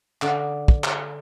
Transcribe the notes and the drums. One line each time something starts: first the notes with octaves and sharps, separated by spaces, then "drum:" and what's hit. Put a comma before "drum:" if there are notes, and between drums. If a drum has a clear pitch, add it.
D3, drum: clap
drum: kick
drum: clap